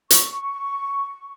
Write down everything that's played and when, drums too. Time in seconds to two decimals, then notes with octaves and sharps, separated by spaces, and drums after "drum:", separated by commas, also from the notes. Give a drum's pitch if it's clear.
0.11 C#6, drum: hi-hat